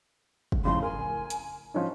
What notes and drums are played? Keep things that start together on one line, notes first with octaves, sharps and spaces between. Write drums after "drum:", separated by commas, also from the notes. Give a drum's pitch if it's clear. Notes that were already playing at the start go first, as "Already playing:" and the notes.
drum: kick
F2 A2 C#3 C6
A#4 G#5
drum: hi-hat
F3 C#4 D#4